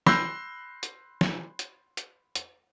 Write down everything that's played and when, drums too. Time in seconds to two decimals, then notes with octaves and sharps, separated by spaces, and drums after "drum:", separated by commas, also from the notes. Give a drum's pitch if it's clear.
0.06 B5 C6 E6 F#6 G6 A#6, drum: snare
0.83 drum: hi-hat
1.21 drum: snare
1.59 drum: hi-hat
1.97 drum: hi-hat
2.35 drum: hi-hat